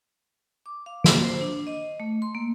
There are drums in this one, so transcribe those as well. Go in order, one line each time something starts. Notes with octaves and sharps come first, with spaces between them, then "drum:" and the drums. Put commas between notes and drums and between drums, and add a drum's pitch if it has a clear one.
D6
F5
A#3, drum: snare
C5
D4
D#5
A3
C6
A#3